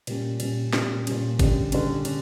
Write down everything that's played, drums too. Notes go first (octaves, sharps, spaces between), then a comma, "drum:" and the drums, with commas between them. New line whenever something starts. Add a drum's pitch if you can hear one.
A#2 G3 C#4, drum: cymbal
A#2 G3 C#4, drum: cymbal
A#2 G3 C#4, drum: snare
A#2 G3 C#4, drum: cymbal
D3 G3 C#4, drum: kick G1, cymbal
D3 G3 C#4, drum: cymbal
C#4, drum: cymbal